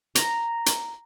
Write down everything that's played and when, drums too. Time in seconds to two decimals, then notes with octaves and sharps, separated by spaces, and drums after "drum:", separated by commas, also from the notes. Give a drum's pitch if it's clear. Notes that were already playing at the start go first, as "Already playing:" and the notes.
0.15 A#5, drum: hi-hat
0.66 drum: hi-hat